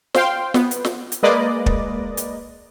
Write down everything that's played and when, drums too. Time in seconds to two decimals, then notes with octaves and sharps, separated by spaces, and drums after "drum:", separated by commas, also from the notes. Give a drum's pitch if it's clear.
0.14 C5 F5 G5 C6, drum: snare
0.54 B3, drum: snare
0.71 drum: hi-hat
0.85 drum: snare
1.12 drum: hi-hat
1.23 G#3 A#3 B4 D5 D#5
1.66 drum: kick
2.17 drum: hi-hat